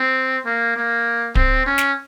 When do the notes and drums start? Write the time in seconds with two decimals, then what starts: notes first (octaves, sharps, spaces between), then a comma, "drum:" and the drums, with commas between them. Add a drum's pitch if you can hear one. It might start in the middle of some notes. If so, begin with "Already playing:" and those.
Already playing: C4
0.45 A#3
0.76 A#3
1.35 C4, drum: kick D1
1.66 C#4
1.78 drum: snare